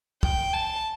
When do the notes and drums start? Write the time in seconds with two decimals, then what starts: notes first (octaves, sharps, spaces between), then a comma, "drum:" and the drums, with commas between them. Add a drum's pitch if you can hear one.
0.23 G5, drum: kick
0.53 A5